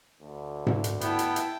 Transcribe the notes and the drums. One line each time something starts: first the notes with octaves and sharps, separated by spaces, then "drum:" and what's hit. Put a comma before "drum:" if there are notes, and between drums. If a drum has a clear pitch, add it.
D2
drum: tom G#2
drum: hi-hat
B3 E4 G5 A5, drum: hi-hat
drum: hi-hat
drum: hi-hat